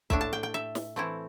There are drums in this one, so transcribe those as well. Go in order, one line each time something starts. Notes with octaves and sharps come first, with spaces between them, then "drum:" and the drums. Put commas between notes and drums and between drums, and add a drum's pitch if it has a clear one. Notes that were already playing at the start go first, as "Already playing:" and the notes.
A2 A3 D4 E5, drum: kick
A5
G5
G5
E5
drum: snare
E3 A3 C4 E4